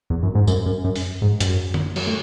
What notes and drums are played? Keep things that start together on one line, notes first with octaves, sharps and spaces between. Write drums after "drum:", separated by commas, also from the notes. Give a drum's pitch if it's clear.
E2
F#2
G#2
F#2, drum: tambourine
F#2
F#2
drum: open hi-hat
G#2
F#2, drum: hi-hat
drum: tom D3
F#2, drum: cymbal
A2